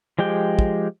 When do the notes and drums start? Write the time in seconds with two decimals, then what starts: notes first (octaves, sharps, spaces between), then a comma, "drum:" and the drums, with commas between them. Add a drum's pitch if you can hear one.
0.19 F3 G#3 G4 G5
0.59 drum: kick